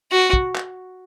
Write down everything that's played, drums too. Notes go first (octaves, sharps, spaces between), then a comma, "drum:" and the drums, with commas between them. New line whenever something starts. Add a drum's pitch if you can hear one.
F#4
drum: kick
drum: clap